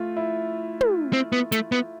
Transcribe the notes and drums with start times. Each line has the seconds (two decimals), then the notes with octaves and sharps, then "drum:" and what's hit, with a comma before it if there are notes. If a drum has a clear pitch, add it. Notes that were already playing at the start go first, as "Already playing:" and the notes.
Already playing: A3 F4
0.16 E4
0.81 drum: tom
1.13 C4
1.32 B3
1.52 A3, drum: hi-hat
1.72 B3